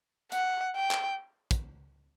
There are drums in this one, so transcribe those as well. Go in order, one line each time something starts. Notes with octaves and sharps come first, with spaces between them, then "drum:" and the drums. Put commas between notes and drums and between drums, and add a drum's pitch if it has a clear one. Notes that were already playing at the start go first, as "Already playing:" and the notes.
F#5, drum: hi-hat
G5
drum: clap
drum: kick, hi-hat